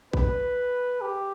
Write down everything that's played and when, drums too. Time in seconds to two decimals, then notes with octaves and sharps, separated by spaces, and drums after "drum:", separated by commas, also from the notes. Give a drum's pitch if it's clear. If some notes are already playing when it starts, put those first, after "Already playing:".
0.13 B4, drum: kick A1
1.01 G4